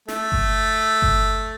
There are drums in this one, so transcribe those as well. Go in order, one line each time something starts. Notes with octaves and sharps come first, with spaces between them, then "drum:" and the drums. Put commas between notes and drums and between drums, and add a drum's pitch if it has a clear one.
A3, drum: snare
drum: kick G1
drum: kick G1